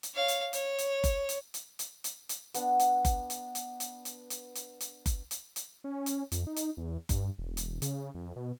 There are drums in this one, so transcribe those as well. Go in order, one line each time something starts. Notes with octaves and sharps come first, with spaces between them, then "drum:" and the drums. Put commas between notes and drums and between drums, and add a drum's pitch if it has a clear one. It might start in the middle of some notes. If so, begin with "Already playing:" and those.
drum: hi-hat
C#5 F5
drum: hi-hat
C#5, drum: hi-hat
drum: hi-hat
drum: kick F#1, hi-hat
drum: hi-hat
drum: hi-hat
drum: hi-hat
drum: hi-hat
drum: hi-hat
B3 D4, drum: hi-hat
drum: hi-hat
drum: kick F#1, hi-hat
drum: hi-hat
drum: hi-hat
drum: hi-hat
drum: hi-hat
drum: hi-hat
drum: hi-hat
drum: hi-hat
drum: kick F#1, hi-hat
drum: hi-hat
drum: hi-hat
C#4
drum: hi-hat
F2, drum: hi-hat
D#4
drum: hi-hat
E2
G2, drum: kick F#1, hi-hat
E1
drum: hi-hat
C#3, drum: hi-hat
F2
B2